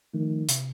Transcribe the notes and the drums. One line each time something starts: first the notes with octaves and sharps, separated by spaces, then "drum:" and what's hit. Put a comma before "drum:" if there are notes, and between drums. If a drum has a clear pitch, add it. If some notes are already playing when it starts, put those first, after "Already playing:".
D#3 F3 A3
C3, drum: hi-hat